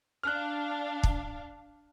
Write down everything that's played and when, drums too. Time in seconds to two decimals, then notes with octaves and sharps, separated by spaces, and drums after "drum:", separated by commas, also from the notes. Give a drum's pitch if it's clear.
0.23 D4 F5 F6 F#6
1.03 drum: kick